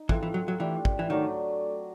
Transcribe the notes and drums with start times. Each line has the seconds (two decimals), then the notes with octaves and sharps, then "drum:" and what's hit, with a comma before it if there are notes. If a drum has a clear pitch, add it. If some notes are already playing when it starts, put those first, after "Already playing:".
Already playing: D#4
0.09 E3 C4 F4 A4, drum: kick
0.23 E3
0.34 F#3
0.48 F#3
0.60 E3 A3 D4 G4
0.85 drum: kick
0.99 E3
1.10 D#3 F#3 A3 D4